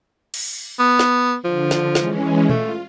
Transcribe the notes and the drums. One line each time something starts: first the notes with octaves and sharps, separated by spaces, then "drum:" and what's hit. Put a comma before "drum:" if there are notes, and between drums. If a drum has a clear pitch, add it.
drum: cymbal
B3
drum: snare
D3 F3
drum: snare
E3 G#3 C#4, drum: snare
A3 F4, drum: tom A#2